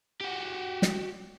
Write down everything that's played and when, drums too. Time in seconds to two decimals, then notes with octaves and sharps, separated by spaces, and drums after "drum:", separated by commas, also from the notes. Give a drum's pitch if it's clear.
0.21 F#4 G4
0.82 drum: snare